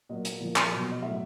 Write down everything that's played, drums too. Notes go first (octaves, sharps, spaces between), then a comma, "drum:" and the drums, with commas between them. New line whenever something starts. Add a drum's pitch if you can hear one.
A#2 F#3 D#5
drum: hi-hat
A#2 F3
drum: clap
B2 F#3
D#5
A2 F#3 E5